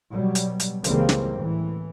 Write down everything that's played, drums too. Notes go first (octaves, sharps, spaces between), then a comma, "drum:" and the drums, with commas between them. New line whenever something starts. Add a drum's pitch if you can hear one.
B2 F#3 G3
drum: hi-hat
drum: hi-hat
C#2 C#3 E3 G3 A#3 C4, drum: hi-hat
drum: snare
A2 E3